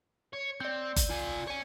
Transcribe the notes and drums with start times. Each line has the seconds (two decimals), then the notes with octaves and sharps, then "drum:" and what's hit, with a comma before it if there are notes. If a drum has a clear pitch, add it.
0.33 C#5
0.60 C4 D5 G6
0.96 drum: kick F#1, hi-hat
1.09 F4 G#5
1.47 C#5 G#5